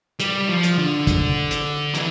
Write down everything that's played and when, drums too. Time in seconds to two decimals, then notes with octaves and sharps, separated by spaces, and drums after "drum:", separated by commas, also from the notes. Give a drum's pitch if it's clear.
0.20 G3, drum: hi-hat
0.48 F3
0.63 drum: hi-hat
0.78 D3
1.07 drum: kick, hi-hat
1.51 drum: hi-hat
1.94 E3, drum: hi-hat